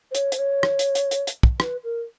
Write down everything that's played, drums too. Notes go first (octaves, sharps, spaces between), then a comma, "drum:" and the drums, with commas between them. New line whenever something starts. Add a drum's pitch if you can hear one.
C5
C#5, drum: hi-hat
C5, drum: hi-hat
C#5
drum: rim click
drum: hi-hat
drum: hi-hat
drum: hi-hat
drum: hi-hat
drum: kick
B4, drum: rim click
A#4